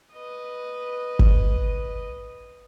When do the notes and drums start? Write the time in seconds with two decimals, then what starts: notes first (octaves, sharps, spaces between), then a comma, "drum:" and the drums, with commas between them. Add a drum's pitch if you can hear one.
0.13 B4 D#5
1.19 drum: kick G1